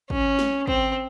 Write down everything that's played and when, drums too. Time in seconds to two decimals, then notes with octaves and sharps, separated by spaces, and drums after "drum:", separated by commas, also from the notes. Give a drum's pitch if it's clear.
0.10 C#4, drum: kick
0.39 drum: snare
0.67 C4, drum: kick